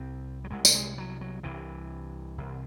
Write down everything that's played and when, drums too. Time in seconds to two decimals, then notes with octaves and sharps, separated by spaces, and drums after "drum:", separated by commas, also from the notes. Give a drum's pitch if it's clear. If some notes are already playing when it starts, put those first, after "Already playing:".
Already playing: C2 C3 C4
0.44 F#3
0.50 C2 C3 G#3
0.65 A3, drum: tambourine
0.75 G#3
0.98 F#3
1.21 F#3
1.43 C2 C3 E3
2.38 C2 C3